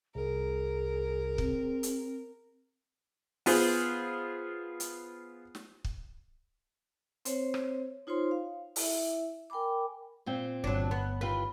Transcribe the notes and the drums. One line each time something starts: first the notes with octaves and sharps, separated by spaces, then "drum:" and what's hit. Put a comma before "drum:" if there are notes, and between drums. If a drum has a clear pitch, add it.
C2 G#4 A#4
C4, drum: kick
drum: hi-hat
B3 F4 G#4 C5, drum: open hi-hat
drum: hi-hat
drum: snare
drum: kick
C4 C5 C#5, drum: hi-hat
drum: rim click
D#4 F4 C5 C#5 C6
F5
E4 E5, drum: open hi-hat
A#4 G5 G#5 B5 D6
A#2 C4 G5
G1 F#3 D4
B3
D#2 F4 G4 B4